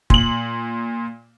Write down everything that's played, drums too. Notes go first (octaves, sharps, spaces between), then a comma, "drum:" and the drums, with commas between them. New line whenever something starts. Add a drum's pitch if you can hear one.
A#2 F#7, drum: kick